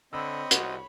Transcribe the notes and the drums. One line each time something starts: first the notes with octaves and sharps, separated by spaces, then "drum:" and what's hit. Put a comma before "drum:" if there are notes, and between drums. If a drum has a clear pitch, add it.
D3 C4 C#5 D#5 B5 E6
C2 F#4, drum: hi-hat